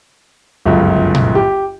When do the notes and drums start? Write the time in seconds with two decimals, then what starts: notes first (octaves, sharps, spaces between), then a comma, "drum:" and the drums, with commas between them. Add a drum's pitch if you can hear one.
0.66 G1 C#2 F#2
1.15 drum: tom A#2
1.35 G4